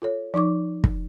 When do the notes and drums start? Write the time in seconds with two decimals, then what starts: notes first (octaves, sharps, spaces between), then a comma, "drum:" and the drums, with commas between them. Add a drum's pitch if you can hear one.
0.02 F4 A4 C#5
0.34 F3 D#4 C#6 D6
0.84 drum: kick